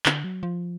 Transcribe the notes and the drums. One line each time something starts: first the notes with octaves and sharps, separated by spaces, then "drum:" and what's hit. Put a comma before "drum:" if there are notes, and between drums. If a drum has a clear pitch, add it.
D3, drum: clap
F#3
F3